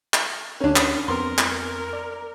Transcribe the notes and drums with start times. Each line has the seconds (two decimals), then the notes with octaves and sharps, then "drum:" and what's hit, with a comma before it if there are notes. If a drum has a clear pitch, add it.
0.14 drum: clap
0.60 D2 C#4 D4 G4 A#4
0.76 drum: clap
1.08 F2 B3 C4 A#4 C6
1.38 drum: clap
1.93 D5